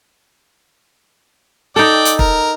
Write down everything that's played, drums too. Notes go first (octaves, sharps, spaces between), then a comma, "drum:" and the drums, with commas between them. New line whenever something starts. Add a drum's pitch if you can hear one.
D#4 A4 D5 G5
drum: hi-hat
A#4, drum: kick